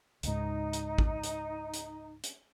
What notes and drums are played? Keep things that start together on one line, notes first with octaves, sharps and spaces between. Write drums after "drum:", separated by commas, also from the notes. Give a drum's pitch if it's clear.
C#2 G#2 D#4, drum: hi-hat
drum: hi-hat
drum: kick
drum: hi-hat
drum: hi-hat
drum: hi-hat